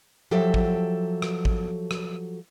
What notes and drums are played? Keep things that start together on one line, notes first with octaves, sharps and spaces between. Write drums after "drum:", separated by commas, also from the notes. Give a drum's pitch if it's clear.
F3 F#3 G4 A4 E5
drum: kick
drum: rim click
drum: kick
drum: rim click